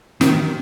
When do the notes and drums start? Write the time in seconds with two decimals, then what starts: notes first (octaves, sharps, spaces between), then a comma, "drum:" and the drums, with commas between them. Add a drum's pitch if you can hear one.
0.21 D#3, drum: snare